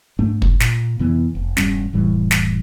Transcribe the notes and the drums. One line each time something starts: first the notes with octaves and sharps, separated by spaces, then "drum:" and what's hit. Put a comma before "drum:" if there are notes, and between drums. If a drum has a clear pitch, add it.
G#2 A3 D4
drum: kick
A#2, drum: snare
F2 C3 E3 B3
F1
E1 G2 G3 C#4, drum: snare
F1 A2 E3 G3
drum: snare